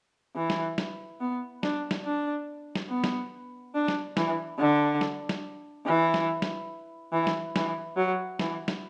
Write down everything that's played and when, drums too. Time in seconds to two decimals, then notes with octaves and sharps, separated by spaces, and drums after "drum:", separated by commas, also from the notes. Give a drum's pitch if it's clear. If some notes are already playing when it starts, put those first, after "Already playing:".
0.36 E3
0.50 drum: snare
0.78 drum: snare
1.21 B3
1.63 D4, drum: snare
1.91 drum: snare
2.04 D4
2.75 drum: snare
2.89 B3
3.04 drum: snare
3.75 D4
3.88 drum: snare
4.17 E3, drum: snare
4.59 D3
5.01 drum: snare
5.29 drum: snare
5.86 E3
6.14 drum: snare
6.42 drum: snare
7.12 E3
7.27 drum: snare
7.56 E3, drum: snare
7.97 F#3
8.39 E3, drum: snare
8.68 drum: snare